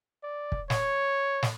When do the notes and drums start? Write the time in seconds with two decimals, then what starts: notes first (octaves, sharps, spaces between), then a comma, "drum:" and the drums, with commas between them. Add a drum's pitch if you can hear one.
0.23 D5
0.52 drum: kick
0.70 C#5, drum: snare
1.43 drum: snare